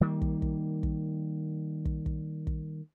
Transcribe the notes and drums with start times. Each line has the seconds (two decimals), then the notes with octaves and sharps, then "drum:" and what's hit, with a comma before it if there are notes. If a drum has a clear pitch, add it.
0.01 D#3 G3 A#3
0.22 drum: kick
0.42 drum: kick
0.83 drum: kick
1.85 drum: kick
2.06 drum: kick
2.47 drum: kick